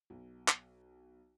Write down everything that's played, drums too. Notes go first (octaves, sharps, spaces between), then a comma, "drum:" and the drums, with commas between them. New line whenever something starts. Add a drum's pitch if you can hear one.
B1
drum: clap